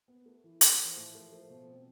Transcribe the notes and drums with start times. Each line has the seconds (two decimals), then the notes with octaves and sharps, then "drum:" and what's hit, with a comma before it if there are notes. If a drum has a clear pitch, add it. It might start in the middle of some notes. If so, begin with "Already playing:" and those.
0.08 B3
0.26 A3
0.44 E3
0.61 E4, drum: hi-hat
0.79 E3 F3
0.97 A2
1.15 A3
1.32 A3
1.50 B2
1.67 C4